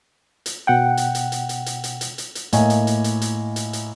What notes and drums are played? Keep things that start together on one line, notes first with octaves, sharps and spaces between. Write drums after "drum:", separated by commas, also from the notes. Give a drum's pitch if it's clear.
drum: hi-hat
B2 F#5 G5
drum: hi-hat
drum: hi-hat
drum: hi-hat
drum: hi-hat
drum: hi-hat
drum: hi-hat
drum: hi-hat
drum: hi-hat
drum: hi-hat
A2 A#3 D#5 G#5, drum: hi-hat
drum: hi-hat
drum: hi-hat
drum: hi-hat
drum: hi-hat
drum: hi-hat
drum: hi-hat